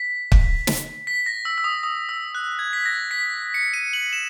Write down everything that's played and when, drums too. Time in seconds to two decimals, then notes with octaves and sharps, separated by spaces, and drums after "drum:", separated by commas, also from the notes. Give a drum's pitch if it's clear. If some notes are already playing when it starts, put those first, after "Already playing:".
Already playing: B6
0.32 drum: kick
0.67 drum: snare
1.07 B6
1.26 A#6
1.45 E6
1.58 E6
1.64 D#6
1.83 D#6
2.09 E6
2.35 F#6
2.59 G#6
2.73 B6
2.86 A#6
3.11 B6
3.54 C#7
3.74 D#7
3.93 F#7
4.13 E7